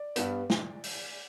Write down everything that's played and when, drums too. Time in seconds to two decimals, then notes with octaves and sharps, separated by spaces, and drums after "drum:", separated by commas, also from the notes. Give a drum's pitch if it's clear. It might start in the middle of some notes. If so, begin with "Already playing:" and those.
Already playing: D5
0.16 G2 G3 B3, drum: hi-hat
0.50 drum: snare
0.84 drum: open hi-hat